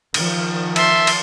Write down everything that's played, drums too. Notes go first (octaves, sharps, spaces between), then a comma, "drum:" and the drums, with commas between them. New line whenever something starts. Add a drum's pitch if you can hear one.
D#3 F3, drum: cymbal
E5 A5 C6, drum: cymbal
drum: cymbal